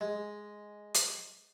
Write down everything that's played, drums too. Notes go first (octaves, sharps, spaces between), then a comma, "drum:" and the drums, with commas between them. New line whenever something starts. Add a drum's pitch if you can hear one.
G#3
drum: hi-hat